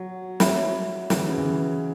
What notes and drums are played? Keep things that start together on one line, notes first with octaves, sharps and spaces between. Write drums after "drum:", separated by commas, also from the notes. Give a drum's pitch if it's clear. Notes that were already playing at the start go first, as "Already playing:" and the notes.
Already playing: F#3
C#5 E5 B5, drum: snare
E3, drum: snare
C#3
E3